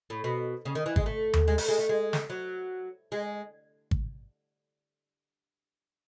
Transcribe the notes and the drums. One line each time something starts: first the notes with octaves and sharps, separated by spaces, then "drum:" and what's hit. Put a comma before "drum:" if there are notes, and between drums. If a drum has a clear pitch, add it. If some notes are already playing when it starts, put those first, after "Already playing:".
A2
B2
C#3
D#3
E3
G#3, drum: kick
A3
drum: tom D#2
G#3
A3, drum: open hi-hat
G#3
A3
G#3
drum: snare
F#3
G#3
drum: kick